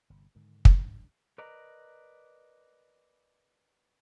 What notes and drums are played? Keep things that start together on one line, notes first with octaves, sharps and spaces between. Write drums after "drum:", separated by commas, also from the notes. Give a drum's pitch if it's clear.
G1 C3
G#2 D3 D#3
drum: kick
C#2 G#2 G3 D4
A#4 B4 D5 D#5 A#5